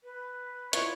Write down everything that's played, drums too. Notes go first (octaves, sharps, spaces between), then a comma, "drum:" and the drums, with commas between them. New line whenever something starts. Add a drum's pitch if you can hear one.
B4
E4 F4 C#5 D5, drum: hi-hat